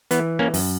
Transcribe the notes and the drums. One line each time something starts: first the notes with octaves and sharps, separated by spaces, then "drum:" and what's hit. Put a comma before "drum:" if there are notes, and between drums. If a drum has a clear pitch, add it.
E3 B3, drum: hi-hat
A#3 C#4
F#2, drum: open hi-hat